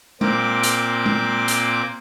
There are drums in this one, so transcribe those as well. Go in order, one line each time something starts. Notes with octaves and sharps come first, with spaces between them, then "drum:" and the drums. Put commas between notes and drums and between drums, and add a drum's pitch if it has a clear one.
A#2 A#3 C4 D6, drum: tom G#3
drum: hi-hat
drum: tom G#3
drum: hi-hat